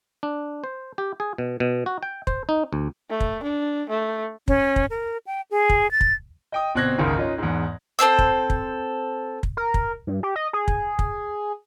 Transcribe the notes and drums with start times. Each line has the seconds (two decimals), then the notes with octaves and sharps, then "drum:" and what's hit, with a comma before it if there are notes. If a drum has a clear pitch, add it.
0.23 D4
0.64 C5
0.98 G4
1.20 G#4
1.38 B2
1.60 B2
1.86 F#4
2.03 G5
2.27 C5, drum: kick
2.49 D#4
2.73 D2
3.10 A3
3.20 drum: kick
3.43 D4
3.89 A3
4.48 C#4, drum: kick
4.76 drum: kick
4.90 A#4
5.27 G5
5.51 G#4
5.69 drum: kick
5.91 A6
6.01 drum: kick
6.52 D#5 G5 D#6
6.74 G1 B2 C4 F#6 G#6 A#6
6.98 F#1 C#2 G#2 D#3
7.17 C#4 D#4 F4
7.38 E2 G#2
7.99 C4 A4 C5 E6
8.19 drum: kick
8.50 drum: kick
9.43 drum: kick
9.57 A#4
9.74 drum: kick
10.07 G2
10.23 G4
10.36 D#5
10.53 G#4
10.68 drum: kick
10.99 drum: kick